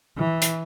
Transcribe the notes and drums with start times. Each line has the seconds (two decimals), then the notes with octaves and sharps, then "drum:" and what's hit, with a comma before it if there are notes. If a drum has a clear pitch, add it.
0.18 E3
0.42 drum: hi-hat